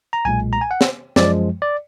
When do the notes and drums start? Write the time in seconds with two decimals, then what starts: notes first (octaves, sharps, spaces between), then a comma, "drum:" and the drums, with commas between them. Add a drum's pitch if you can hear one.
0.13 A#5
0.25 B1 A#2 G#3 G#5
0.53 A#5
0.61 G#5
0.71 F#5
0.81 drum: snare
1.16 F#2 F3 G#3 D5, drum: snare
1.62 D5